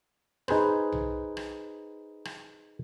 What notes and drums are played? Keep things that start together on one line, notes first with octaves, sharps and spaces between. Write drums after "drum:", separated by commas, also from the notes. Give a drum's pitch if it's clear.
D#4 G#4 B4 C5, drum: rim click
drum: tom B1
drum: rim click
drum: rim click